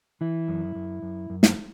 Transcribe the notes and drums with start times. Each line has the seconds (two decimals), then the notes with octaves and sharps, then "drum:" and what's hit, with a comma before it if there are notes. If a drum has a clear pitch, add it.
0.21 E3 E4
0.48 F#2
0.75 F#2
1.02 F#2
1.30 F#2
1.43 drum: snare